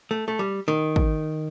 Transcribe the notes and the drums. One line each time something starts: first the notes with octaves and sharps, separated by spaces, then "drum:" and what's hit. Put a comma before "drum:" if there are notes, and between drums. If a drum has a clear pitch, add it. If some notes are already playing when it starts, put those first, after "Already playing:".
A3
A3
G3
D#3
drum: kick